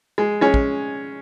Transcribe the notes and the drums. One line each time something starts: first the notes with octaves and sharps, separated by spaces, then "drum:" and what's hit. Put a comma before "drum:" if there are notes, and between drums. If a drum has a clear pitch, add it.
G#3
G#3 C#4
drum: kick